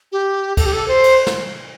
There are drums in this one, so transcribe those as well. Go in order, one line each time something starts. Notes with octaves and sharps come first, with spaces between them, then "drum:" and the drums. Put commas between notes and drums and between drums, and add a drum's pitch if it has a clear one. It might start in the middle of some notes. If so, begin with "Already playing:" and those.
G4
A4, drum: kick, cymbal
G4
A4
C5
drum: cymbal
drum: snare